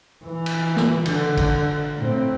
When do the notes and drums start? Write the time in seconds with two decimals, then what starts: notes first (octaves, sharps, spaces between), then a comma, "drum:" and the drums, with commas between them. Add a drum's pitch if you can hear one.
0.24 E3
0.46 drum: cymbal
0.76 drum: snare
1.06 D3, drum: cymbal
1.37 drum: kick, cymbal
1.98 A2 C4